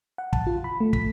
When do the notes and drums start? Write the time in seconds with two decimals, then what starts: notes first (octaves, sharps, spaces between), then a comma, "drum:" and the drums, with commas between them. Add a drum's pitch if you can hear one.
0.18 F#5
0.33 A5, drum: kick
0.47 F4
0.64 B5
0.80 A3
0.93 B6, drum: kick